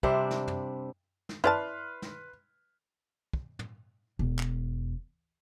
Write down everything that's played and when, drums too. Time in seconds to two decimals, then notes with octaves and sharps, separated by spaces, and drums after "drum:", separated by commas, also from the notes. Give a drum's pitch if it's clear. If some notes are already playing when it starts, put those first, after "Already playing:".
0.03 C3 G3 D4 C5, drum: kick
0.31 drum: snare
0.48 drum: tom
1.29 drum: snare
1.44 E4 B4 D5 A5 C6 F6, drum: tom
2.02 drum: snare
3.33 drum: kick
3.59 drum: tom
4.19 E1
4.39 drum: clap